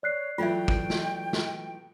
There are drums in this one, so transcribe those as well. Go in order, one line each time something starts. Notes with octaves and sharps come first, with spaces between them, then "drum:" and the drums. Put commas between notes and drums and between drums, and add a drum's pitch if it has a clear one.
C#5 D5 F#6 C7
E3 F#3 A3 F4 E5 G5
drum: kick
drum: snare
drum: snare